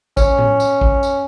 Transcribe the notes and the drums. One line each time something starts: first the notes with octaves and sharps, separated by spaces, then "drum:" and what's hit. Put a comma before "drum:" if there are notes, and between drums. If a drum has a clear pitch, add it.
C#4, drum: kick, tambourine
drum: tom A2
drum: tambourine
drum: kick
drum: tambourine